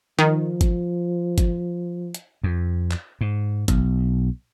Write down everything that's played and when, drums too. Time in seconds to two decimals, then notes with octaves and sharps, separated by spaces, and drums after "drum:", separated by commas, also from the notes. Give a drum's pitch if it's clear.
0.19 D#3 F3
0.61 drum: kick, hi-hat
1.38 drum: kick, hi-hat
2.14 drum: hi-hat
2.43 F2
2.91 drum: clap
3.21 G#2
3.68 B1, drum: kick, hi-hat